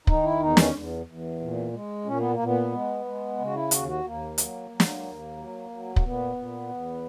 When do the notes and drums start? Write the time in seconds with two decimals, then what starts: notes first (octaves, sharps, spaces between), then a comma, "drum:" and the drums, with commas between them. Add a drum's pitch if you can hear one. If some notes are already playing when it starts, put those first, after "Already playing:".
0.07 D#3 D#4, drum: kick
0.23 E4
0.40 E2 D#4
0.57 C#4, drum: snare
0.73 E2
1.06 E2
1.40 A#2
1.73 G#3
2.06 A#2 C#4
2.19 B3
2.31 A#3
2.39 A#2 B3
2.72 G#3
3.05 G#3
3.39 C#3
3.44 F#4
3.54 E4
3.71 D#2 F#4, drum: hi-hat
3.88 F#4
4.04 D#2 A#3
4.38 F#3, drum: hi-hat
4.70 F#3
4.80 drum: snare
5.03 D#2
5.37 F#3
5.70 F#3
5.96 A#3, drum: kick
6.03 A#2 B3
6.36 A#2
6.69 E2